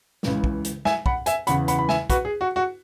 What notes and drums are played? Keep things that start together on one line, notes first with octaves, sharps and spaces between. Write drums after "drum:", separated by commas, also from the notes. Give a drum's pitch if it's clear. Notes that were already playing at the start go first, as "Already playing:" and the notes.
C#2 C#3 E3, drum: snare
drum: kick
drum: hi-hat
E5 G#5, drum: snare
F#5 B5, drum: kick
E5 G#5, drum: hi-hat
E2 C#3 E3 F#5 B5, drum: hi-hat
F#5 B5, drum: hi-hat
B5
E5 G#5, drum: snare
F#4 B4, drum: kick, hi-hat
G#4
F#4
F#4